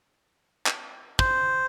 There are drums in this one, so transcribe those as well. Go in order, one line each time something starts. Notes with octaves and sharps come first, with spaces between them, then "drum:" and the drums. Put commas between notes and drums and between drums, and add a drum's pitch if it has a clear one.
drum: clap
C5, drum: kick